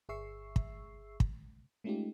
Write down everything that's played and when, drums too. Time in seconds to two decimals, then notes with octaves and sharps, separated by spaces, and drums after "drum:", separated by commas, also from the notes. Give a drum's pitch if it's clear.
0.09 G1 G#4 E5 C#6 E6 C7
0.56 drum: kick
1.20 drum: kick
1.84 G#3 A3 C#4 D#4 F4 G4